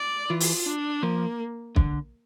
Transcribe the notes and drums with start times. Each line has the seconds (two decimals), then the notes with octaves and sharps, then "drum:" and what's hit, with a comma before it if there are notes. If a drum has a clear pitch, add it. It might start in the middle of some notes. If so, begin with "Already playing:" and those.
Already playing: D5
0.29 E3 F4
0.40 drum: open hi-hat
0.66 D4
1.03 F3 A#3
1.76 D3, drum: kick